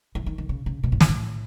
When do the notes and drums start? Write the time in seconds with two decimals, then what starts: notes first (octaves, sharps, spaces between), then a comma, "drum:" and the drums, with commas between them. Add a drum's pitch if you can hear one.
0.15 E3
0.26 D#3
0.38 D#3
0.49 C#3
0.66 C#3
0.83 B2
0.92 A2
1.00 G#2, drum: snare
1.09 A2